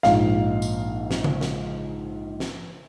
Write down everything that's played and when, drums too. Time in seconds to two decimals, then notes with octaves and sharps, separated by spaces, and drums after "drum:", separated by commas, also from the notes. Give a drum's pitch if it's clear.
0.03 A#1 G#2 F5, drum: snare
0.62 drum: tambourine
1.11 drum: snare
1.24 drum: tom C#3
1.41 drum: snare
2.40 drum: snare